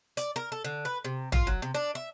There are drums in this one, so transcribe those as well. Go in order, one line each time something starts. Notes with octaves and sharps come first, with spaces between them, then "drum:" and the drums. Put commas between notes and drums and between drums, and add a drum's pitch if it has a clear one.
D5, drum: hi-hat
A#4
A4
D3
B4
C3
F4, drum: tom
F#3
C3
D4
E5